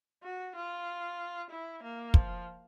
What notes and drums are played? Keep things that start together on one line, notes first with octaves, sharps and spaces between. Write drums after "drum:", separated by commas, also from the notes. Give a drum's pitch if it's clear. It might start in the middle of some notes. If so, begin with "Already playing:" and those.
F#4
F4
E4
A#3
F3, drum: kick